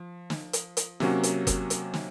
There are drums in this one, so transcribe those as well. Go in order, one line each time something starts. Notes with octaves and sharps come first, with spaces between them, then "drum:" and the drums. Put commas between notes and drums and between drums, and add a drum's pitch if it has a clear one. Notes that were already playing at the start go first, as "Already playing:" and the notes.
Already playing: F3
drum: snare
drum: hi-hat
drum: hi-hat
C3 F#3 A#3 C#4 F#4, drum: snare
drum: hi-hat
drum: kick F#1, hi-hat
drum: hi-hat
drum: snare